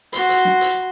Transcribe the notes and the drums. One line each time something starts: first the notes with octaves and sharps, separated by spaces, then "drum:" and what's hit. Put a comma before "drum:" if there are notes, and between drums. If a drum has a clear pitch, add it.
F#4 C6, drum: hi-hat
drum: hi-hat
drum: snare
drum: hi-hat